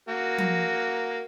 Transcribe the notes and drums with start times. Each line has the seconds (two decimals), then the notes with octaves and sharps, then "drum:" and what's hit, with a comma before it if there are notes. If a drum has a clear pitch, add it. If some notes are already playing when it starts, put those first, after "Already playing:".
0.09 A#3 F#4
0.38 drum: tom F3